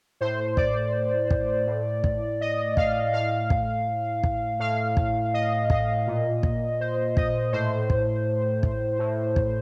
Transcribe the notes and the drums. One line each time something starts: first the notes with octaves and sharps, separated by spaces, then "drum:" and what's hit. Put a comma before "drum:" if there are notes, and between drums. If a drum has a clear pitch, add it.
A2 C5
D5, drum: kick
drum: kick
A2
drum: kick
D#5
F5, drum: kick
A2 F5
drum: kick
drum: kick
A2 F5
drum: kick
D#5
D#5, drum: kick
A#2
drum: kick
C5
D#5, drum: kick
A2 C5
drum: kick
drum: kick
A2
drum: kick